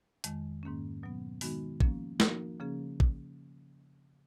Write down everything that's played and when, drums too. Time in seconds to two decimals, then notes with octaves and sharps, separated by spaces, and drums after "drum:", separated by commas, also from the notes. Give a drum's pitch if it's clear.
0.24 F2 D#3 G#3, drum: hi-hat
0.63 G#2 D#3 A#3 C#4
1.03 B2 F#3 B3
1.41 D#3 G#3 B3 D#4 F#4, drum: open hi-hat
1.80 F3 A#3 C#4, drum: kick
2.20 F3 A#3 D#4 F#4 A#4, drum: snare
2.60 C#3 F3 A#3 C#4 G#4
3.00 drum: kick